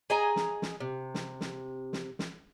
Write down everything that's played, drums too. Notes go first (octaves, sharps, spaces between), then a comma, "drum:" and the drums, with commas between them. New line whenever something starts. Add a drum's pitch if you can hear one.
G#4 D#5 G#5 A#5
drum: snare
drum: snare
C3
drum: snare
drum: snare
drum: snare
drum: snare